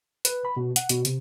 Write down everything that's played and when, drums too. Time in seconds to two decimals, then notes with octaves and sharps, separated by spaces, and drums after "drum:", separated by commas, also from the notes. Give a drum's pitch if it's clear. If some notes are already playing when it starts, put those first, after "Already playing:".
0.25 B4, drum: hi-hat
0.45 B5
0.57 B2
0.76 F#5, drum: hi-hat
0.89 B2, drum: hi-hat
1.05 C3, drum: hi-hat